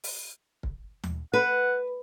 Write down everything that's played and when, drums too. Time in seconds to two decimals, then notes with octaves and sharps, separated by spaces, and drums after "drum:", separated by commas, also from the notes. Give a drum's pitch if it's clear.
0.04 drum: open hi-hat
0.63 drum: kick
1.04 drum: tom D#2
1.34 B4 F#5